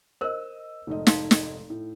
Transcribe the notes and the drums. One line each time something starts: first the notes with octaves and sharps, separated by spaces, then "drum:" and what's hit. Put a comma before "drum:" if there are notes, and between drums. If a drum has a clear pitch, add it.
A#4 C5 D#5 E6
F1 G#2 D#5
D#4 F5 C6, drum: snare
drum: snare
A2